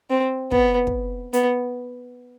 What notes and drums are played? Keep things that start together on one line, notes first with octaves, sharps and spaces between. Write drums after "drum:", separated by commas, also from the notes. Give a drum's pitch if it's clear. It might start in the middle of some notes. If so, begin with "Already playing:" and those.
C4
B3, drum: kick
drum: kick
B3, drum: hi-hat